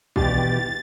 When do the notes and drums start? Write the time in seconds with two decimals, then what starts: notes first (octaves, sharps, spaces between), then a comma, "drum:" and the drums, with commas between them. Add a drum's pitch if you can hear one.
0.16 D#2 B2 E3 G3 D4 G4 A6, drum: kick